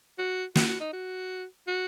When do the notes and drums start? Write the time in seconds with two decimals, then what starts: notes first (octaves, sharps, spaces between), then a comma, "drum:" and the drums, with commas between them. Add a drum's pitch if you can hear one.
0.19 F#4
0.55 F#4, drum: snare
0.68 F#4
0.80 D#4
0.93 F#4
1.67 F#4